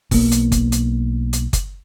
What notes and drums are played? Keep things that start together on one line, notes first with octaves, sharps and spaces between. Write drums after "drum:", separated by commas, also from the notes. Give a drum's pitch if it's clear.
B1 A#3, drum: kick, open hi-hat
drum: hi-hat
drum: kick, hi-hat
drum: hi-hat
drum: hi-hat
drum: kick, hi-hat